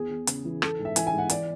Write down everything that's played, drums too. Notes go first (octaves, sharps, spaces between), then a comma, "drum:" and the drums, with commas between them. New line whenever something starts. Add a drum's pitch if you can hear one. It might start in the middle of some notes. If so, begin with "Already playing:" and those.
Already playing: E2 G#4
E2
C#3, drum: hi-hat
E3
E3 A4, drum: rim click
G#2
E5
E3 G#5, drum: hi-hat
G#5
G#2
F#5
E3 D5, drum: hi-hat